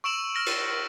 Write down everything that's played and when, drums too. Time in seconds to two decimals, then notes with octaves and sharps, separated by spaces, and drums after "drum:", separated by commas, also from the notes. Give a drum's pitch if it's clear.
0.04 C#6 E6 D7 E7 F#7
0.35 F6 A#6 D7
0.46 drum: cymbal